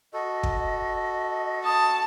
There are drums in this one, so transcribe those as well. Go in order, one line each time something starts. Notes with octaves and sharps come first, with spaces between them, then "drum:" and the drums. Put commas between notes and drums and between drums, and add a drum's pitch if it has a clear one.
F#4 A4 D#5
drum: kick
A5 D#6